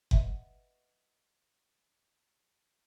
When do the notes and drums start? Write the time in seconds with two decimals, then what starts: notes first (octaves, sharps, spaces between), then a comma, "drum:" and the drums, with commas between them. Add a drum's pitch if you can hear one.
0.11 B4 D#5 E5 F#5, drum: kick F#1